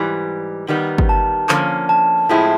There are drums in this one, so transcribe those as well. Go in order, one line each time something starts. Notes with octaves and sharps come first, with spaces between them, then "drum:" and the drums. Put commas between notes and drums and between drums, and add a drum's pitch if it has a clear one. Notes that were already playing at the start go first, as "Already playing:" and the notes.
Already playing: G#2 E3 G3
D#3 G3 B3 D#4
drum: kick G1
A5
D3 F3 A#3 C#4, drum: clap
A5
A2 F3 G#3 C4 E4